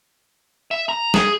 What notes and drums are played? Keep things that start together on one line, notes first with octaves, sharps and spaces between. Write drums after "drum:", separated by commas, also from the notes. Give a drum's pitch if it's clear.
E5
A#5
G#4, drum: snare